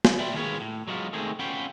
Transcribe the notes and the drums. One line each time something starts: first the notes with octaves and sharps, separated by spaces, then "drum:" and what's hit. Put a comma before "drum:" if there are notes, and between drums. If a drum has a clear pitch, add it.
drum: snare
B1 D5 E5 G5 B5 C6
D#3 G#3 F4 G#4 B4 C#5
A2
F#3 G#3 B3 F4
D#3 G#3 A3 C4 G#4
B3 C#4 F4 B4 G5 B5